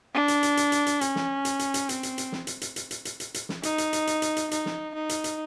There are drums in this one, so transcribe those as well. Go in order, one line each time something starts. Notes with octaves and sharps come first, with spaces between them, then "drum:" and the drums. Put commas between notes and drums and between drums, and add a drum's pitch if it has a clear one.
D4
drum: hi-hat
drum: hi-hat
drum: hi-hat
drum: hi-hat
drum: hi-hat
C#4, drum: hi-hat
drum: snare
drum: hi-hat
drum: hi-hat
drum: hi-hat
C4, drum: hi-hat
drum: hi-hat
drum: hi-hat
drum: snare
drum: hi-hat
drum: hi-hat
drum: hi-hat
drum: hi-hat
drum: hi-hat
drum: hi-hat
drum: hi-hat
drum: snare
D#4, drum: hi-hat
drum: hi-hat
drum: hi-hat
drum: hi-hat
drum: hi-hat
drum: hi-hat
D#4, drum: hi-hat
drum: snare
D#4
drum: hi-hat
drum: hi-hat